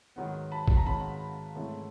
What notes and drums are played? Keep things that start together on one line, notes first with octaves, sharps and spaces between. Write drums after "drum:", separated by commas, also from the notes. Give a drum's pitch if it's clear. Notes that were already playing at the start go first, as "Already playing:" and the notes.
G#2 D#3 F#3 B3
A5 B5
A5, drum: kick
A#5
G#2 D#3 F#3 B3 A5 B5
G#2 E3 A3 C#4